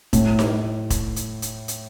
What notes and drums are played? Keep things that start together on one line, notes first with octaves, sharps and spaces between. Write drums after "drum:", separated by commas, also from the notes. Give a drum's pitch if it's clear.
A2, drum: kick E1, hi-hat
drum: snare D#4
drum: kick E1, hi-hat
drum: hi-hat
drum: hi-hat
drum: hi-hat